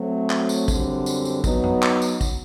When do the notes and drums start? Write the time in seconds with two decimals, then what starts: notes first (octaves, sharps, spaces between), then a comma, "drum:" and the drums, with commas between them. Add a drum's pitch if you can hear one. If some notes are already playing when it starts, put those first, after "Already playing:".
Already playing: F#3 A3 C4
0.30 drum: clap
0.49 drum: tambourine
0.68 F#2 D3 G3 C4, drum: kick, tambourine
1.06 drum: tambourine
1.25 drum: tambourine
1.44 F#3 B3 D#4, drum: kick, tambourine
1.63 drum: tom F#2
1.83 drum: clap
2.02 drum: tambourine
2.21 drum: kick, tambourine